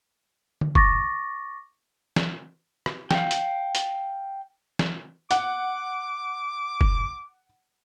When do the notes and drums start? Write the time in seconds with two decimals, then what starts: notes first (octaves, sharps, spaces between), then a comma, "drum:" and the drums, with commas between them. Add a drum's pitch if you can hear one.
0.61 drum: tom D3
0.75 C#6 D6 A6 A#6, drum: kick
2.16 drum: snare
2.86 drum: rim click
3.11 F5 G5, drum: snare
3.31 drum: hi-hat
3.75 drum: hi-hat
4.79 drum: snare
5.31 F#5 D6, drum: hi-hat
6.81 drum: kick